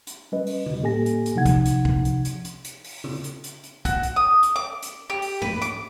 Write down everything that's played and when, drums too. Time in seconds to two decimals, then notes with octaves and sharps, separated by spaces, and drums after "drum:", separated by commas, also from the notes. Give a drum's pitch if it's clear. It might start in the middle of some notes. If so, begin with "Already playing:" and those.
0.07 drum: hi-hat
0.32 G3 C#4 B4 D#5
0.46 drum: open hi-hat
0.66 drum: tom D3
0.82 A2 A#3 G4 A4 G#5 A#6
1.06 drum: hi-hat
1.26 drum: hi-hat
1.36 C3 F3 D#4 F#5 G#6
1.46 drum: kick, hi-hat
1.65 drum: hi-hat
1.85 drum: kick
2.05 drum: hi-hat
2.25 drum: hi-hat
2.45 drum: hi-hat
2.64 drum: hi-hat
2.84 drum: open hi-hat
3.04 drum: tom C#3
3.24 drum: hi-hat
3.44 drum: hi-hat
3.63 drum: hi-hat
3.85 F#4, drum: kick, hi-hat
4.03 drum: hi-hat
4.16 D#6
4.43 drum: hi-hat
4.56 D6
4.82 drum: hi-hat
5.10 G4
5.22 drum: open hi-hat
5.42 B4, drum: tom G#2
5.62 D6, drum: hi-hat